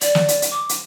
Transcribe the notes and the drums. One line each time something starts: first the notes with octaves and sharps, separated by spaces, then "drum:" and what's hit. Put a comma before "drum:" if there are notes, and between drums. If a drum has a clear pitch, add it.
D5, drum: hi-hat
drum: snare
drum: hi-hat
drum: hi-hat
D6
drum: hi-hat